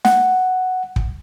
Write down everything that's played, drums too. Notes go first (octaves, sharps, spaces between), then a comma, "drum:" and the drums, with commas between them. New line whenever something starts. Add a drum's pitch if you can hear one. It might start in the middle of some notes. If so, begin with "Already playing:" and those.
F#5, drum: snare
drum: kick